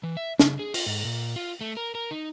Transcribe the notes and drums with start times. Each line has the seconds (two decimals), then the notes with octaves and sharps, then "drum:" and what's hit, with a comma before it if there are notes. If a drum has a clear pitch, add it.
0.03 E3
0.17 E5
0.39 C#3, drum: snare
0.59 G#4
0.74 F4, drum: open hi-hat
0.86 G#2
1.05 A#2
1.36 F4
1.61 A3
1.77 A#4
1.95 A#4
2.11 D#4